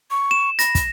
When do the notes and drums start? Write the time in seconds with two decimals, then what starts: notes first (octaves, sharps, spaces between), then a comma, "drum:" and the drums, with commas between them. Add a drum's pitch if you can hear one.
0.11 C#6
0.31 E7
0.59 B5 A#6, drum: hi-hat
0.75 drum: kick, hi-hat